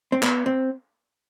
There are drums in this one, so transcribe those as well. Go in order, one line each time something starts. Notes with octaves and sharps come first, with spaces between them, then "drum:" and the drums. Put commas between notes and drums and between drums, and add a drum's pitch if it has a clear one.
C4
B3, drum: clap
C4